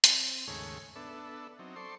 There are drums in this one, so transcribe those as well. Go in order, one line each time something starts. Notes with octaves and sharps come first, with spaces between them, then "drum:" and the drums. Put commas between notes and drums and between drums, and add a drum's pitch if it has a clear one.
C4, drum: hi-hat
D#2 G#2 C#3 A3 C#5 G#5
B3 D4 A4 E5
F#3 C4 D#4
A4 C5 D5 C6 C#6